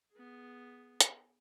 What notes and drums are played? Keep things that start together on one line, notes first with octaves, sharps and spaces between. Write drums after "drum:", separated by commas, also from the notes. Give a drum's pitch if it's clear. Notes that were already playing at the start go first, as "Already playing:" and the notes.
B3 G#4
drum: hi-hat